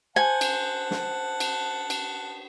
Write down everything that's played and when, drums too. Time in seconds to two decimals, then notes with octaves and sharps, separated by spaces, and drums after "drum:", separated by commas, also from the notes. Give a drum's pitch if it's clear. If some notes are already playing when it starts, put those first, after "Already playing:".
0.16 C5 F#5 G#5 A5
0.41 drum: cymbal
0.91 drum: snare
1.40 drum: cymbal
1.90 drum: cymbal